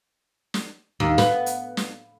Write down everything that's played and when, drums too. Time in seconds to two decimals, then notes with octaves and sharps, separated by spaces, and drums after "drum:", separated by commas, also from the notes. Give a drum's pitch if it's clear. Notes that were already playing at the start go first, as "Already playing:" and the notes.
0.54 drum: snare
1.00 D#2
1.18 B3, drum: snare
1.46 drum: hi-hat
1.77 drum: snare